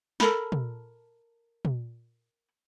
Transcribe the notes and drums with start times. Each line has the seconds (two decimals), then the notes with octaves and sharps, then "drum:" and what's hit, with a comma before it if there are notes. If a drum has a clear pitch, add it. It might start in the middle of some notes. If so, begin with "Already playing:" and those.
0.20 A4 A#4 B5, drum: snare
0.52 drum: tom
1.65 drum: tom